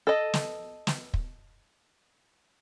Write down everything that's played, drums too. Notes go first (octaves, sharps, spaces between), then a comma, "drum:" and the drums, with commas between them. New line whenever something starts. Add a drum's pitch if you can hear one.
A4 D#5
drum: snare
drum: snare
drum: kick